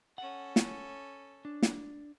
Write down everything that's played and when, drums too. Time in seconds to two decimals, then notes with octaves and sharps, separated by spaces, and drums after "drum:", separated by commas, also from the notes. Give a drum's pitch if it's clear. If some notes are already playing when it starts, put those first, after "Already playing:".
0.18 C#4 A4 F#5
0.56 drum: snare
1.45 D4
1.63 drum: snare